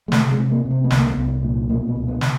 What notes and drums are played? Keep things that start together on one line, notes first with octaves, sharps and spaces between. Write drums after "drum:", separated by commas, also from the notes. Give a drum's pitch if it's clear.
G#3
C3 A3, drum: snare
G#3
C3
A#3
C3
C4
B3
C2, drum: snare
A#3
B3
C2
A#2
B2 A#3
B3
C#2
B3
drum: snare